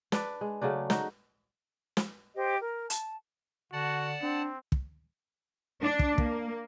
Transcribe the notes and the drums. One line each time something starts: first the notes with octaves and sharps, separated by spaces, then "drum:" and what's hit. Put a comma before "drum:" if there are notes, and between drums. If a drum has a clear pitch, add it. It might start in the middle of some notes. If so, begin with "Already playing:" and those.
D4 B4 D5, drum: snare
G#3
C#3 F#3 A3 D4
D#4 F#4, drum: snare
drum: snare
G4 C5 D#5
A#4
A5, drum: hi-hat
D3 F#4 D5 F#5 A5
C4 D4
drum: kick
D4
drum: kick
A#3, drum: kick